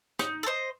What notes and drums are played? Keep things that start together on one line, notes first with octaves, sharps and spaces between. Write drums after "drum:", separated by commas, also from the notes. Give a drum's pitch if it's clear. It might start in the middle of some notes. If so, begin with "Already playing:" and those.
D#4, drum: rim click
A4
C5 D#5